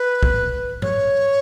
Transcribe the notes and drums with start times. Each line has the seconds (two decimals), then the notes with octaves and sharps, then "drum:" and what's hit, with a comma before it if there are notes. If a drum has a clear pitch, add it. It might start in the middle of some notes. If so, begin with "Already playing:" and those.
Already playing: B4
0.23 drum: kick
0.82 C#5, drum: tom G2